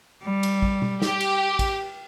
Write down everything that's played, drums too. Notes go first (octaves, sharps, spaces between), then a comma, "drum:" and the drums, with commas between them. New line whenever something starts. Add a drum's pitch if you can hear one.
G3
drum: cymbal
drum: kick A1
drum: tom B2
G4, drum: snare
drum: cymbal
drum: kick A1, cymbal